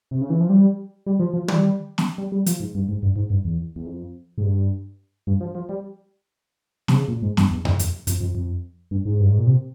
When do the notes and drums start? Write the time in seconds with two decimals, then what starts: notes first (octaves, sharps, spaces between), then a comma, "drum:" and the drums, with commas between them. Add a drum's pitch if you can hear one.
0.11 C3
0.21 C#3
0.30 E3
0.40 F3
0.49 G3
1.06 G3
1.20 F3
1.34 F3
1.48 G3, drum: tom
1.98 drum: snare
2.18 G3
2.32 G3
2.46 F3, drum: hi-hat
2.60 G#2
2.75 G2
2.89 G#2
3.03 G2
3.16 G#2
3.30 G2
3.45 E2
3.76 E2
3.86 F2
4.38 G#2
4.43 G2
5.27 G2
5.41 F3
5.55 F3
5.69 G3
6.88 C3, drum: snare
6.95 C#3
7.08 A#2
7.22 G#2
7.37 G2, drum: snare
7.51 E2
7.65 E2, drum: tom E2
7.79 F2, drum: hi-hat
8.07 F2, drum: hi-hat
8.21 F2
8.35 F2
8.91 G2
9.05 G#2
9.20 G2
9.29 G#2
9.38 A#2
9.47 C3